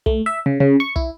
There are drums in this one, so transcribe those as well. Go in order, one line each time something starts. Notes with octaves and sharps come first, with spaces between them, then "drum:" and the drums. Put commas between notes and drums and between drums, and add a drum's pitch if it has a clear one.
A3, drum: kick
E5
C#3
C#3
C#6
E4, drum: kick